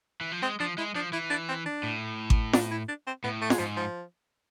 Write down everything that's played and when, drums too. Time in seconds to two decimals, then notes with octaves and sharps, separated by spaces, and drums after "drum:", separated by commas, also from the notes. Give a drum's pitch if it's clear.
0.21 E3
0.32 F3
0.42 G#3 C4
0.60 F3 D4
0.78 G#3 E4
0.95 F3 D4
1.13 E3 E4
1.30 D4
1.49 C4
1.66 D4
1.83 A2
2.30 drum: kick G#1
2.53 D4, drum: snare
2.71 E4
2.88 D4
3.07 C4
3.24 A2 B3
3.41 A3
3.50 G#3, drum: snare
3.59 G#2 F3
3.77 F3